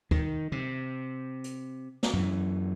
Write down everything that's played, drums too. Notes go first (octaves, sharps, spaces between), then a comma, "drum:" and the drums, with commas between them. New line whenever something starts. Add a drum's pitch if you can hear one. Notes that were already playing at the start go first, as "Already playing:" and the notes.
D#3, drum: kick
C3
drum: hi-hat
drum: snare
F#2 E3